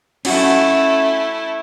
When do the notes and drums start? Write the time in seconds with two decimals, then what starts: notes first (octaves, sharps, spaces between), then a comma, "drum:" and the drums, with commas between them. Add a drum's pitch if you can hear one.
0.25 A3 C#4 E4 F#4, drum: cymbal